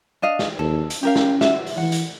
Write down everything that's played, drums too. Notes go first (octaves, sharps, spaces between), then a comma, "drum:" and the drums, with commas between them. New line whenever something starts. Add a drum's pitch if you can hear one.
D4 D#5 F5
drum: snare
D#2 A4
drum: hi-hat
C#4 G4 A#4 F5
drum: snare
F#4 E5, drum: snare
drum: open hi-hat
E3 F#5
drum: hi-hat